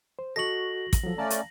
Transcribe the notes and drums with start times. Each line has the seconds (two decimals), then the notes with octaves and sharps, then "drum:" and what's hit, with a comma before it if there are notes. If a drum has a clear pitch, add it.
0.19 C5
0.36 F#4 A4 D#5 C#6 A#6 F#7
0.93 drum: kick, hi-hat
1.03 F3 F#3 A4
1.18 A3 C#4 D5 F5 A5 A#5
1.30 drum: hi-hat